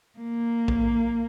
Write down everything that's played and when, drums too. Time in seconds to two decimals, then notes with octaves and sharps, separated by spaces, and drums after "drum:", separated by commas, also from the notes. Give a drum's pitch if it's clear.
0.19 A#3
0.68 drum: kick A#1